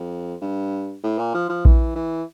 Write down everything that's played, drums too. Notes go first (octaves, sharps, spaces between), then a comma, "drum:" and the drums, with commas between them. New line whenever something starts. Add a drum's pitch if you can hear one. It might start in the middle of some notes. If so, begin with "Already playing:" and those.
Already playing: F2
G2
A2
A#2
F3
F3
E3, drum: kick A#1
E3